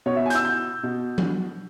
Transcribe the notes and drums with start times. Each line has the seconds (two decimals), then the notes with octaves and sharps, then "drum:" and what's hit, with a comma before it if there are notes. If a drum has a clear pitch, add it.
0.06 B2 C#5
0.16 E5
0.26 G#5
0.30 G6, drum: hi-hat
0.35 E6
0.45 G6
0.83 B2
1.18 drum: tom F3